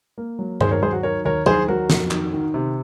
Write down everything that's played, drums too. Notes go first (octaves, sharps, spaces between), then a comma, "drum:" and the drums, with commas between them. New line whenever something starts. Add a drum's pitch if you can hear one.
A#3
F#3
D#2 G#4 C5, drum: tom G2
A#4 C#5
F#3 G#4 C5
F#4
D#3 A#4 C#5
D#2 A#4 C#5
D#2 G#4 C5, drum: tom F#3
F#3 F#4 A#4
F2, drum: snare
D#3, drum: clap
D#3
C3